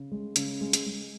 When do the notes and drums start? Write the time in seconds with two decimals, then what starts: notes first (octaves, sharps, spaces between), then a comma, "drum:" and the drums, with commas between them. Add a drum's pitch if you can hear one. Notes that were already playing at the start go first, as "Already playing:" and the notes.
Already playing: C#3
0.12 G#3
0.36 C#3, drum: hi-hat
0.61 G#3
0.73 drum: hi-hat
0.86 G#3